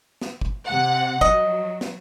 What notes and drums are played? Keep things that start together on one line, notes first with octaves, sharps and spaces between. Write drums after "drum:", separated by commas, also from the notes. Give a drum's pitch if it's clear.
drum: snare
drum: kick
C3 F#5
F#3 D#5, drum: kick
drum: snare